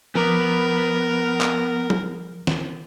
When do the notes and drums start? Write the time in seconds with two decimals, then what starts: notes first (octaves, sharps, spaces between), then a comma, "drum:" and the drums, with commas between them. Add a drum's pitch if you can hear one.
0.15 F3 B3 A#4 A#5 D6
1.41 drum: clap
1.90 drum: tom F#3
2.47 drum: snare E3